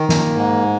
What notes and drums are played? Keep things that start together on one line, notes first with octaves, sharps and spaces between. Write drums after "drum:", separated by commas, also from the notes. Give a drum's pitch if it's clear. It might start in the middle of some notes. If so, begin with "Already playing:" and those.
Already playing: D#3
A#3, drum: snare
G#2